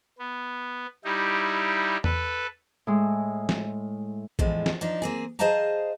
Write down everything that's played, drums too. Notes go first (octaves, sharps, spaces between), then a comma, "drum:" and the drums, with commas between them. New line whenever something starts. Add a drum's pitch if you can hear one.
B3
G3 D#4 E4 G4
A4 B4, drum: tom E2
A2 G#3
drum: snare
E2 A2 F3 G#3, drum: kick
drum: snare
F3 D4 D#4
A#3 C4 G#4
G#4 C5 D#5 F5 A5 A#5